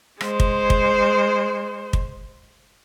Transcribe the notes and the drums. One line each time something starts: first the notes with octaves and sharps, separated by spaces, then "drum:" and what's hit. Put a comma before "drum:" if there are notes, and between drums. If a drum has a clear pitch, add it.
G#3 C5, drum: rim click
drum: kick
drum: kick
drum: kick